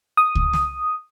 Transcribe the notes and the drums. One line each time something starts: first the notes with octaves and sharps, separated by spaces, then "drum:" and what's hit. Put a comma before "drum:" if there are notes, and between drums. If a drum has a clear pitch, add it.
D#6
drum: kick C#2
drum: snare